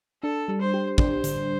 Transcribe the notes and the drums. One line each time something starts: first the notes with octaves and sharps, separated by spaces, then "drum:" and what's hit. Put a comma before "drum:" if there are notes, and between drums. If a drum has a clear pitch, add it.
D4 A4
G3
C5
G4
D4 C5, drum: kick
D3, drum: hi-hat